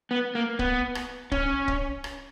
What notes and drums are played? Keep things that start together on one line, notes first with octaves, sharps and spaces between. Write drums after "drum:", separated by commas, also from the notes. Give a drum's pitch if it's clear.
B3
A#3
B3, drum: kick C#1
drum: rim click
C#4, drum: kick C#1
drum: kick C#1
drum: rim click